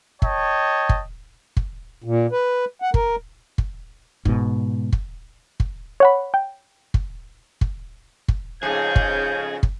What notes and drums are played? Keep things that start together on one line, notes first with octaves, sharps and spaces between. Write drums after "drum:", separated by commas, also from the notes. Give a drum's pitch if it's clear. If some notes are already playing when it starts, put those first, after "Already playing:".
C#5 D#5 G5 A5, drum: kick
drum: kick
drum: kick
A#2
B4
F#5
A#4, drum: kick
drum: kick
G#2 B2, drum: kick
drum: kick
drum: kick
C#5 F#5 B5
G5
drum: kick
drum: kick
drum: kick
F2 G#2 C#3 G#4 G6
drum: kick
drum: kick